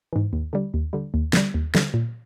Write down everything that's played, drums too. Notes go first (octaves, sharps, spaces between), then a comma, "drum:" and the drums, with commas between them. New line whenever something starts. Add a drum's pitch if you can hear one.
G#2 E3
D#2
D3 G3
D#2
D3 G3
D#2
D3 G3, drum: snare
D#2
D3 G3, drum: snare
A#2